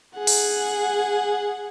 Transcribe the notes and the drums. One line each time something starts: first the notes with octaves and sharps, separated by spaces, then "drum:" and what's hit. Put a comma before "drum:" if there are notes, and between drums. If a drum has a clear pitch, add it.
G#4 F#5
drum: open hi-hat